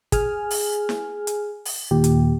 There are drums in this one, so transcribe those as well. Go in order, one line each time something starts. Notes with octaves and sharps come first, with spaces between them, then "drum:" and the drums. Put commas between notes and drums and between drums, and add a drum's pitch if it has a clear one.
G#4 G#5 F6, drum: kick, hi-hat
drum: open hi-hat
drum: snare
drum: hi-hat
drum: open hi-hat
D#2 A#2 G4
drum: hi-hat